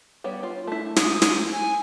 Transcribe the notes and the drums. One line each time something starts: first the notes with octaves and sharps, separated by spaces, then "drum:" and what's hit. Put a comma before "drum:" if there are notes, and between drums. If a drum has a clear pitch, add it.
G3 B3 C#5
F4
A3 E4
D#6, drum: snare
drum: snare
G#5